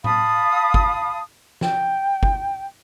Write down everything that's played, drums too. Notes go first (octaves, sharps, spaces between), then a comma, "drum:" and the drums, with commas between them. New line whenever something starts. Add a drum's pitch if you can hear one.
F5 A5 B5 D#6, drum: tom A2
drum: kick G1
G5, drum: snare
drum: kick G1